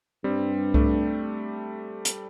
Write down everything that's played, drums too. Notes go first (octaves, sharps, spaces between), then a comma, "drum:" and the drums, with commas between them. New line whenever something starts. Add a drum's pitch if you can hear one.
G2 G3 C4
A3 D4, drum: kick C2
drum: hi-hat